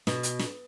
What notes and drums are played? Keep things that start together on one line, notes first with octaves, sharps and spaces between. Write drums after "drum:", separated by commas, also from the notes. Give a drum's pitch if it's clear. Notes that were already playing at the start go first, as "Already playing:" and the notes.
B2, drum: snare
drum: hi-hat
drum: snare